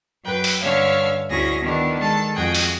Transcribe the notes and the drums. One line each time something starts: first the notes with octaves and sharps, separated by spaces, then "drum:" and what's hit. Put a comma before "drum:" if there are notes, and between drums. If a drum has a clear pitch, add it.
F#2 B4 G5
drum: open hi-hat
G2 D3 C#4 C#5 E5 F5
D2 C#4 E4 G#4 A#6
D#3 B3 D4 E4
D#3 G#3 A4 A5
F2 F#4 G#4 G5
drum: open hi-hat